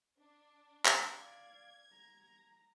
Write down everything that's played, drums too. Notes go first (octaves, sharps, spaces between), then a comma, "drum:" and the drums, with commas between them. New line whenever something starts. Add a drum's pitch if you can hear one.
D4
drum: clap
D5 F5 G#6
A#5